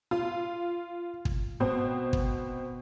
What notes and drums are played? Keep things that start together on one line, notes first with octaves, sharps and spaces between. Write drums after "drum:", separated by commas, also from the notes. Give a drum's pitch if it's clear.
F4
drum: kick
B2 C4
drum: kick